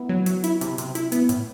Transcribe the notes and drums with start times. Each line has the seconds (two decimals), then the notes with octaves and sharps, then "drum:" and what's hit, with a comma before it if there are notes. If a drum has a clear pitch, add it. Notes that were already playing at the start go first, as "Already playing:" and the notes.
Already playing: B3 E4
0.09 F#3
0.26 F#3, drum: hi-hat
0.44 E4, drum: hi-hat
0.61 C3, drum: hi-hat
0.78 C3, drum: hi-hat
0.95 E4, drum: hi-hat
1.12 B3, drum: hi-hat
1.29 A2, drum: hi-hat